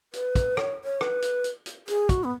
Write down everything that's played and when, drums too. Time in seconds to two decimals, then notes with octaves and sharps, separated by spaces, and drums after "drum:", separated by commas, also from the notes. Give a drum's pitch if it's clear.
0.13 B4, drum: hi-hat
0.35 drum: kick, hi-hat
0.57 C#5, drum: rim click
0.84 C#5
1.01 B4, drum: rim click
1.22 drum: hi-hat
1.44 drum: hi-hat
1.66 drum: hi-hat
1.88 G#4, drum: hi-hat
2.09 F#4, drum: kick, hi-hat
2.24 B3